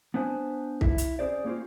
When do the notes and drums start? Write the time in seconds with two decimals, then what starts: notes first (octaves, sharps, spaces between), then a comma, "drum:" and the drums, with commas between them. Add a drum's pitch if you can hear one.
0.14 B3 D4 B4 C5 G#5
0.81 E4, drum: kick
0.98 drum: hi-hat
1.19 C#4 D4 G#4 C5 D5
1.45 A#3 C#4 F4 G4 C5